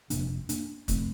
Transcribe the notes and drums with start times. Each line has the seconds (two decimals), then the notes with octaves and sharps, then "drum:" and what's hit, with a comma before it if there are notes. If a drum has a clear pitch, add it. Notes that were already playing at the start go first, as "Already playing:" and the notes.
0.10 F1 F2 C3 A#3 D4, drum: hi-hat
0.49 A#3 D4, drum: hi-hat
0.88 F1 F2 C3 A3 C4, drum: kick, hi-hat